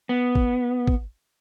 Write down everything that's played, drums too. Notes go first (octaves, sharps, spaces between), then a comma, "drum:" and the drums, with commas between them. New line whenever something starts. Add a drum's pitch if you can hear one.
B3
drum: kick
drum: kick